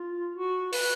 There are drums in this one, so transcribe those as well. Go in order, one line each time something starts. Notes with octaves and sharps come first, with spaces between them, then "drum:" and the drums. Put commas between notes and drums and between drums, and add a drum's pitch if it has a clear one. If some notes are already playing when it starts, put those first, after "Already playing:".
Already playing: F4
F#4
B4, drum: open hi-hat